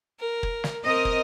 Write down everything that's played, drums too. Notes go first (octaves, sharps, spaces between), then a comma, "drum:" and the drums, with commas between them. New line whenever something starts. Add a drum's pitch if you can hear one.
A#4
drum: kick
drum: snare
C4 A#4 D#5
drum: kick